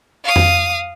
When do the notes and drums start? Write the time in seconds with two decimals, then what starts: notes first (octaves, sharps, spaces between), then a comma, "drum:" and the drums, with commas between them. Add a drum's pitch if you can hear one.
0.24 F5 D#6
0.36 drum: tom F2